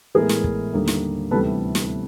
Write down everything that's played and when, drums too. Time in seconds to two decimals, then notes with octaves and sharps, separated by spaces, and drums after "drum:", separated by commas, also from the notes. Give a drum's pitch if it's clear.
0.15 A2 E3 G#3 B3 G#4 A#4
0.29 drum: snare
0.44 drum: kick
0.73 D#2 D3 G3 A#3
0.88 drum: snare
1.31 D2 C3 E3 G3 B3 A4 B4
1.75 drum: snare